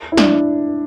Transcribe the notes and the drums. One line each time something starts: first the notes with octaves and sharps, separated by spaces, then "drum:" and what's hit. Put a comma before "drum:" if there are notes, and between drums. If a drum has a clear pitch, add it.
E4
D4, drum: snare